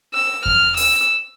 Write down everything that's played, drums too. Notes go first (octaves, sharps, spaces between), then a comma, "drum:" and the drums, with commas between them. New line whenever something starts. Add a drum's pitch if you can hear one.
E6
F6, drum: kick E2
E6, drum: open hi-hat